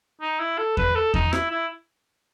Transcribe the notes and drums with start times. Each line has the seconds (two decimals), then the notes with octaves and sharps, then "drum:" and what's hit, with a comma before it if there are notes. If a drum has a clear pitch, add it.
0.21 D#4
0.40 E4
0.58 A4
0.77 B4, drum: kick E2
0.95 A4
1.14 D#4, drum: kick E2
1.33 E4, drum: rim click
1.51 E4